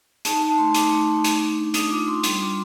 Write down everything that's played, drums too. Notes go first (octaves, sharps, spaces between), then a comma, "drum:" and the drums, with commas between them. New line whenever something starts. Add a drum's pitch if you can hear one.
D#4 A5, drum: hi-hat
D#4 A5
A3 C6
D#4 D6, drum: hi-hat
A3
D#4
A3, drum: hi-hat
A3
D4
A3 D#6, drum: hi-hat
F4 D6
D4 C6
G3 C6, drum: hi-hat
F4 D6